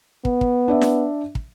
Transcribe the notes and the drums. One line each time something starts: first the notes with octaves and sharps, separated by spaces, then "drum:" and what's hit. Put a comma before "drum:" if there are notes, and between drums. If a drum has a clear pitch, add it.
B3, drum: kick
drum: kick
D4 D5 E5
drum: snare
drum: kick